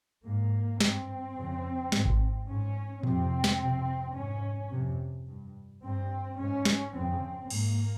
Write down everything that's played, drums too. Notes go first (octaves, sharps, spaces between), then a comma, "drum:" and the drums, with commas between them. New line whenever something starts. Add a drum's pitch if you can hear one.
G#2 A#3
G2 C4, drum: snare
F2 C#3
G#2, drum: snare
drum: kick G#1
G#2 C#4
F2 C3 C4, drum: tom A2
drum: snare
F2 C3
G#2 C#4
F2 C3
G2
G2 C4
G#2 C#4
drum: snare
F2 C#3 C4
G#2 A#3, drum: cymbal